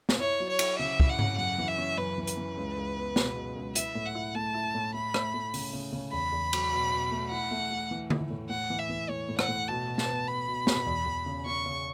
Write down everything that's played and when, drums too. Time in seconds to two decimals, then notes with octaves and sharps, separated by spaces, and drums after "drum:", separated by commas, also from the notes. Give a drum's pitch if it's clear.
0.09 drum: snare
0.20 E4 C#5
0.40 F#3
0.50 C#5
0.59 E4, drum: cymbal
0.79 C#3 E5
1.00 E4, drum: kick
1.09 F#5
1.19 C#3, drum: tom G#2
1.38 F#2 F#5
1.58 E3
1.68 E5
1.78 C#4
1.98 F#2 B4
2.18 E3
2.27 B4, drum: hi-hat
2.37 E3
2.57 C#2
2.77 C#2
2.97 B3
3.16 B2, drum: snare
3.36 B2
3.56 C#2
3.75 E4 E5, drum: hi-hat
3.95 A2
4.05 F#5
4.15 E4
4.35 A3 A5
4.55 E4
4.74 A2
4.94 A3 B5
5.14 A3, drum: rim click
5.34 A3
5.54 C#3, drum: open hi-hat
5.73 C#3
5.93 C#3
6.13 E2 B5
6.32 E2
6.53 F#3, drum: cymbal
6.72 B2
6.92 B2
7.11 A3
7.31 E4 F#5
7.51 A3
7.71 A3
7.91 E3
8.10 E4, drum: tom D3
8.30 A2
8.50 A2 F#5
8.70 E3
8.79 E5
8.90 E3
9.09 A2 C#5
9.29 A2
9.39 F#5, drum: rim click
9.48 A2
9.68 B2 A5
9.88 B2
9.98 A5, drum: snare
10.08 B3
10.28 B3 B5
10.48 B2
10.67 B2, drum: snare
10.86 E2
11.06 E2
11.26 C#3
11.46 C#4 C#6
11.66 C#3